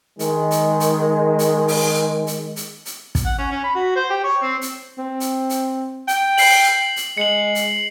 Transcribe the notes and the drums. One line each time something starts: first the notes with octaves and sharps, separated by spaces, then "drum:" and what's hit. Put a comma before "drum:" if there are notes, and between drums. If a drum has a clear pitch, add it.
D#3 G#3, drum: hi-hat
drum: hi-hat
drum: hi-hat
drum: hi-hat
drum: open hi-hat
drum: hi-hat
drum: hi-hat
drum: hi-hat
drum: kick, hi-hat
F#5
C#4
C#4
B5
F#4
C5
G4
C#5
C4
drum: hi-hat
C4
drum: hi-hat
drum: hi-hat
G5, drum: hi-hat
C7 F#7, drum: open hi-hat
drum: hi-hat
G#3 C#7 F#7
drum: hi-hat